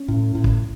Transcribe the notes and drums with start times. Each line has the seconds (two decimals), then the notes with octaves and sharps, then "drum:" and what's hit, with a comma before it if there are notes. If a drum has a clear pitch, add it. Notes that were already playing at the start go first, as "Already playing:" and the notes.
Already playing: C#4
0.08 A2
0.35 A2
0.44 drum: kick